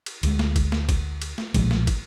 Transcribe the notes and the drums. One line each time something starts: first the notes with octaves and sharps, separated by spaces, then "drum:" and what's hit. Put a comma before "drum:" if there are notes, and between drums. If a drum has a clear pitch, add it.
drum: cymbal
D2 G#3, drum: cymbal
drum: snare
drum: kick, cymbal
drum: snare
drum: kick, cymbal
drum: cymbal
drum: snare
B1 A#2 F3 G#3, drum: kick, cymbal
drum: snare
drum: kick, cymbal